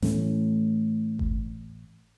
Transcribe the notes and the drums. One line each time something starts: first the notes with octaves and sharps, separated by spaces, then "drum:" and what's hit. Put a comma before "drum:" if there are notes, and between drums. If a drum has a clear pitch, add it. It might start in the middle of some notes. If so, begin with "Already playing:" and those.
A2 E3 A3 C#4, drum: snare
drum: kick G1